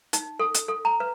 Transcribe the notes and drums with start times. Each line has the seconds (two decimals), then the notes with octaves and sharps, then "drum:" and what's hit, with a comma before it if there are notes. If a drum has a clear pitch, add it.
0.13 D#4, drum: hi-hat
0.39 A4
0.55 drum: hi-hat
0.68 A4
0.85 A#5
1.00 B4